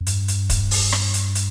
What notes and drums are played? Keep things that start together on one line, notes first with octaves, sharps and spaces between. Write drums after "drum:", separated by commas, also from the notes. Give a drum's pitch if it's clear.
F2
G2, drum: hi-hat
drum: hi-hat
drum: kick, hi-hat
drum: open hi-hat
drum: rim click
drum: hi-hat
drum: hi-hat